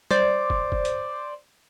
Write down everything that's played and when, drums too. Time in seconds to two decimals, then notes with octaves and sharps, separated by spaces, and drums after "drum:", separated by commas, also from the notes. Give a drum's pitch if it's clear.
0.11 C5 D5, drum: tom G3
0.50 drum: kick
0.72 drum: kick
0.85 drum: hi-hat